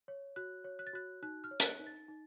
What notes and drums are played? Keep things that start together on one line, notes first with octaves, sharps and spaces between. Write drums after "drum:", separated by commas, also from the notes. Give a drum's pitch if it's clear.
C#5
F#4 F#6
C#5
F#6
A6
F#4 F#6
D#4 F#6
F6
C#5
A6, drum: hi-hat
F#6
D#4
A6
D#4